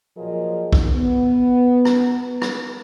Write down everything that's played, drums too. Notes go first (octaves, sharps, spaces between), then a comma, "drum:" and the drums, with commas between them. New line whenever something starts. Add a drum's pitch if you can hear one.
A#2 F3 F#3 G#4 A#4 D#5
drum: kick
B3
drum: rim click
drum: rim click